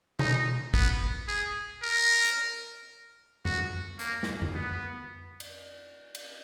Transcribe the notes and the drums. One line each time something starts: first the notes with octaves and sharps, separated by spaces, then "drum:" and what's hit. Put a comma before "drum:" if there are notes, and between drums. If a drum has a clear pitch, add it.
D#4, drum: tom B2
B3, drum: kick
G#4
A#4
drum: hi-hat
F#4, drum: tom F2
A#3, drum: hi-hat
drum: snare
drum: tom F2
B3
drum: cymbal
drum: cymbal